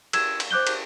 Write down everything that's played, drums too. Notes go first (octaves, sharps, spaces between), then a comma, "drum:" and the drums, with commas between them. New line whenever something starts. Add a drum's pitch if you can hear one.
E6 G#6 E7, drum: cymbal
drum: cymbal
C5 D6 F#6 G6 G7
drum: cymbal